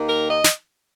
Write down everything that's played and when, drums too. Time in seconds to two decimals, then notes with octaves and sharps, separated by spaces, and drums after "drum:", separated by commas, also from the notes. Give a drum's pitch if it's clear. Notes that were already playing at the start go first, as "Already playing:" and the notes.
Already playing: D#2 D#3 A#3
0.09 A#4
0.29 D#5
0.44 drum: snare